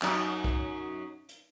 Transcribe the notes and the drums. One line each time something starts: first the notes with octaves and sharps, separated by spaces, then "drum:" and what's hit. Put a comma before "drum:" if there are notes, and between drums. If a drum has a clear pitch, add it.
F#2 F#3 D#4, drum: clap
drum: kick C2
drum: hi-hat